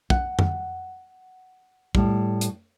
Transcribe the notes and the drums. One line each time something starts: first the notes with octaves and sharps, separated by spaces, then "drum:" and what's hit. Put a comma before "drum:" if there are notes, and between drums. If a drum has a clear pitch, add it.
F#5, drum: kick
drum: tom F2
A2 G3, drum: kick
drum: hi-hat